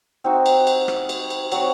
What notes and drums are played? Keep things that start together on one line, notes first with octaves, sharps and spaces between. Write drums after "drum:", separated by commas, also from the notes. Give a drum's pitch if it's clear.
C4 D#4 F#4
drum: cymbal
drum: cymbal
drum: rim click
drum: cymbal
drum: cymbal
F#3 C4 F#4 C#5, drum: cymbal